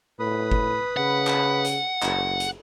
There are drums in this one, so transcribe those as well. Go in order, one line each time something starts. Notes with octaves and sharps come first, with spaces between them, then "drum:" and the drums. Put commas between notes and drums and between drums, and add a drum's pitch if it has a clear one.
A2 B4 B5 D#6
drum: kick G1
C#3 F#5
drum: clap
drum: hi-hat
F#1, drum: clap
drum: hi-hat